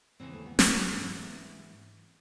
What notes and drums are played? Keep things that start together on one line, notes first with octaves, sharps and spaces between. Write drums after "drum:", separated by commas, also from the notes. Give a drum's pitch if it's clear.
D#2 C#3 E3 C4
A3
B3
C4, drum: snare
B3
G#2 E3 B3
F#3